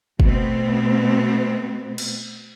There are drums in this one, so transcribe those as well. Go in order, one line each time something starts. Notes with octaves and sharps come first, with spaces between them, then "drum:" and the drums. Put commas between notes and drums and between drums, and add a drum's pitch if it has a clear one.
B2 A3 B3 C4, drum: kick
drum: cymbal